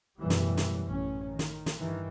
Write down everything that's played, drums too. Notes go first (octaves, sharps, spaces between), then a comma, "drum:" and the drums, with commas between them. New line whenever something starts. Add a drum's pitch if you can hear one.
A1 F#2 B2 E3 G3
drum: snare
drum: snare
A1 C#4
D#3
drum: snare
drum: snare
G2 D#3 E3